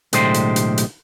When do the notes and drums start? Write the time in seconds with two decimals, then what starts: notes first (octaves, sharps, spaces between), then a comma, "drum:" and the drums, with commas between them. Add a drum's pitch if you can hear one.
0.13 B1 A2 D3 G#3 G4 C5, drum: hi-hat
0.34 drum: hi-hat
0.56 drum: hi-hat
0.78 drum: hi-hat